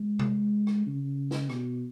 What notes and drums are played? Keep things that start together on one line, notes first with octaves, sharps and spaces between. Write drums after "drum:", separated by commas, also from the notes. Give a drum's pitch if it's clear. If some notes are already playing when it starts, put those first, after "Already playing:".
Already playing: G#3
drum: tom C3
drum: rim click
C#3
drum: snare
B2, drum: rim click